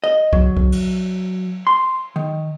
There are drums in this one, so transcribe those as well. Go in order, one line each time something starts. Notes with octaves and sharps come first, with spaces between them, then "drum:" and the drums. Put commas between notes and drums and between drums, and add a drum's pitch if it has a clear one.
D#5
F#3, drum: kick B1
drum: kick B1
drum: cymbal
C6
D#3